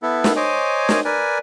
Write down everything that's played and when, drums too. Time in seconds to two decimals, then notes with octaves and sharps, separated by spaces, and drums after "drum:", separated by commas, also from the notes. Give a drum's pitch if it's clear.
0.03 B3 E4 A4
0.24 drum: snare
0.36 C5 C#5 D#5 G#5 D6
0.89 drum: snare
1.05 A#4 B4 D5 G#5